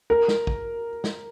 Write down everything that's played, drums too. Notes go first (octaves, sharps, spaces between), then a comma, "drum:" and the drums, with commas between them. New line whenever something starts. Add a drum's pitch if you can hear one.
A#4
drum: snare
drum: kick
drum: snare